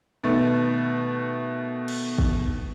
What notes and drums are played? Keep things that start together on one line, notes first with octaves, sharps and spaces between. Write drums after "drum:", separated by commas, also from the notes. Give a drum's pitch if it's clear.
B2 D#3 A3
drum: cymbal
drum: kick